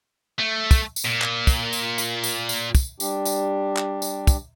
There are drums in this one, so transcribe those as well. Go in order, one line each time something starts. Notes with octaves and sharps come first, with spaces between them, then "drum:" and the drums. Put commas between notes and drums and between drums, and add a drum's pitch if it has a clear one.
A3
drum: kick, tambourine
drum: tambourine
A#2
drum: clap
drum: kick, tambourine
drum: tambourine
drum: tambourine
drum: tambourine
drum: tambourine
drum: kick, tambourine
G3 D4 G4, drum: tambourine
drum: tambourine
drum: clap
drum: tambourine
drum: kick, tambourine